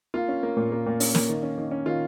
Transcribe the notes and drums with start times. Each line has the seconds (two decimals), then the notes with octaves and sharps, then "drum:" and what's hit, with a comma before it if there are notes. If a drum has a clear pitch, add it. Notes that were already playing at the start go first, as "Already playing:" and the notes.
0.14 A#3 F4
0.28 C#4
0.43 A#3
0.57 A#2
0.72 A#3
0.86 A#2
1.00 C#4, drum: open hi-hat
1.15 A#3, drum: snare
1.29 D#3
1.43 C#4
1.58 D#3
1.71 C#4
1.86 D#3 F4